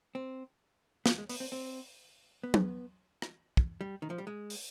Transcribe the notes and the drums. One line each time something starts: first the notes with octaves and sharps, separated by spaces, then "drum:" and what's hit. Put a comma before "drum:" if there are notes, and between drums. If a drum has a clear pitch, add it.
C4
B3, drum: snare
G#3
B3, drum: open hi-hat
C4
C4
B3
drum: tom
drum: rim click
drum: kick
G3
D#3
F3
G3
G#3
drum: open hi-hat